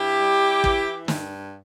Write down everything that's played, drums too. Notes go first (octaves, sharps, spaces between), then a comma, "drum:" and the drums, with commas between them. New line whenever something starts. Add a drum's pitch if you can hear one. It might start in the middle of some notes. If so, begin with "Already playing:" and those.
Already playing: G2 E4 G4
G3
E3, drum: kick
G2, drum: snare